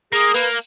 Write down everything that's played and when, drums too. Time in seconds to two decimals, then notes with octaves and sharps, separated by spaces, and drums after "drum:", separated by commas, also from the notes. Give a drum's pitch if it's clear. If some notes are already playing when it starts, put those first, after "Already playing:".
0.12 A#3 G#4
0.34 A#3 B4, drum: open hi-hat